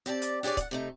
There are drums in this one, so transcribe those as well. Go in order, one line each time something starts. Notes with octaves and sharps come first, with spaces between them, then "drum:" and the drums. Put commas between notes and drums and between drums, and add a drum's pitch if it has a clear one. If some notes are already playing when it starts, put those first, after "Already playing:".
C4 G4 D5 A5
drum: hi-hat
D4 G4 G#4 C#5 D5
D5 F#5, drum: kick C#1, hi-hat
C3 A3 D#4